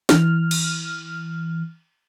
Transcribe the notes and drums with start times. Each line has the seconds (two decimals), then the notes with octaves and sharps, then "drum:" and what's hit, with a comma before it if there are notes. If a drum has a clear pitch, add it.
0.09 E3 F6, drum: snare
0.51 drum: cymbal